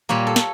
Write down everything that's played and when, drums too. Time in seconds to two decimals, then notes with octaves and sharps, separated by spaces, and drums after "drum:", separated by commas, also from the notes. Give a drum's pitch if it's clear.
0.09 A#2 G3 A#3 C#5
0.27 A4
0.36 drum: snare